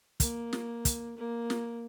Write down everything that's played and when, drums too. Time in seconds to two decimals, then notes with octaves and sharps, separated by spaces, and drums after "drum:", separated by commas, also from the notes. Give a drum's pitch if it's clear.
0.20 A#3, drum: kick, hi-hat
0.53 drum: snare
0.85 drum: kick, hi-hat
1.17 A#3
1.50 drum: snare